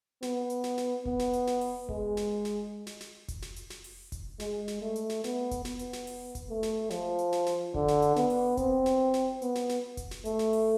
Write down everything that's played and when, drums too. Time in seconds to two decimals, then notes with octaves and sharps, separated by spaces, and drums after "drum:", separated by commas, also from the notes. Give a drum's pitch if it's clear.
0.22 B3, drum: snare
0.50 drum: hi-hat
0.64 drum: snare
0.78 drum: snare
1.05 B3, drum: kick F1
1.19 drum: snare
1.33 drum: hi-hat
1.47 drum: snare
1.61 drum: open hi-hat
1.89 G#3, drum: kick F1
2.17 drum: snare
2.45 drum: snare
2.87 drum: snare
3.01 drum: snare
3.28 drum: kick F1, hi-hat
3.42 drum: snare
3.56 drum: hi-hat
3.70 drum: snare
3.84 drum: open hi-hat
4.12 drum: kick F1, hi-hat
4.40 G#3, drum: snare
4.68 drum: snare
4.82 A3
4.96 drum: hi-hat
5.10 drum: snare
5.24 B3, drum: snare
5.51 drum: kick F1, hi-hat
5.65 B3, drum: snare
5.79 drum: hi-hat
5.93 drum: snare
6.07 drum: open hi-hat
6.35 drum: kick F1, hi-hat
6.49 A3
6.63 drum: snare
6.90 F3, drum: snare
7.19 drum: hi-hat
7.32 drum: snare
7.46 drum: snare
7.74 D3, drum: kick F1
7.88 drum: snare
8.02 drum: hi-hat
8.16 B3, drum: snare
8.30 drum: open hi-hat
8.57 C4, drum: kick F1, hi-hat
8.86 drum: snare
9.14 drum: snare
9.42 B3, drum: hi-hat
9.55 drum: snare
9.69 drum: snare
9.97 drum: kick F1, hi-hat
10.11 drum: snare
10.25 A3, drum: hi-hat
10.39 drum: snare
10.53 drum: open hi-hat